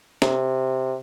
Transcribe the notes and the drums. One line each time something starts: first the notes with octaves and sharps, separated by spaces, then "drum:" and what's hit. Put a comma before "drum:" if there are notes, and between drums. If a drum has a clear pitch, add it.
C3, drum: snare